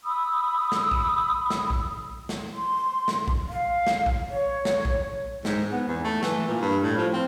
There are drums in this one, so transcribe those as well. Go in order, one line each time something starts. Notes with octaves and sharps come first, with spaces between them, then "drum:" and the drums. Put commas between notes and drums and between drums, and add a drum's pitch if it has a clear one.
B5 D#6 E6
drum: snare
drum: kick A#1
drum: snare
drum: kick A#1
drum: snare
C6
drum: snare
drum: kick A#1
F5
drum: snare
drum: kick A#1
C#5
drum: snare
drum: kick A#1
G#2, drum: snare
B3
E2
A3
E3, drum: snare
A#2
G2
A2
F3
C4